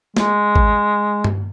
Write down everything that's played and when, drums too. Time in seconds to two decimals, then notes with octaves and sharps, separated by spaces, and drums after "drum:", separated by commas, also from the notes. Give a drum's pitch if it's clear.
0.17 G#3, drum: snare
0.56 drum: kick G#1
1.24 drum: tom G2